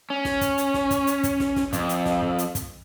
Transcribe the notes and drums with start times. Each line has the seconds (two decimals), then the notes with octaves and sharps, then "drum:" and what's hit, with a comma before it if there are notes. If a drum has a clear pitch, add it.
0.10 C#4
0.25 drum: snare
0.41 drum: kick, hi-hat
0.58 drum: hi-hat
0.74 drum: snare
0.91 drum: kick, hi-hat
1.07 drum: hi-hat
1.23 drum: kick, hi-hat
1.40 drum: snare
1.56 drum: snare
1.73 F2, drum: kick, hi-hat
1.89 drum: hi-hat
2.06 drum: snare
2.22 drum: kick
2.38 drum: hi-hat
2.55 drum: kick, hi-hat